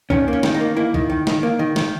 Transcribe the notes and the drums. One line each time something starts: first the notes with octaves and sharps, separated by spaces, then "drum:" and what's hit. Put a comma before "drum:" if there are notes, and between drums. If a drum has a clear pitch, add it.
D#3 C#4, drum: kick
A#3
C#4
D#3, drum: snare
D#4
A#3
A#3 E4
D#3, drum: kick
D#3
D#3, drum: snare
A#3
D#3
D#3, drum: snare